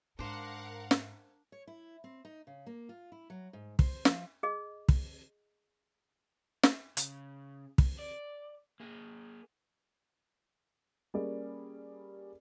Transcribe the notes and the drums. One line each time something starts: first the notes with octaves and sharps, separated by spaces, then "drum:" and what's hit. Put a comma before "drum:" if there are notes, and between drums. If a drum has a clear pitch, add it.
G#2 D4 A#4 C5 F5 F#5
drum: snare
C#5
E4
C4
D#4
C#3
A#3
F4
E4
F#3
G#2
C5, drum: kick
F3, drum: snare
G#4 D#5
drum: kick
drum: snare
C#3, drum: hi-hat
drum: kick
D5
A#3 G#4
G3 A#3 C#4 G#4 D5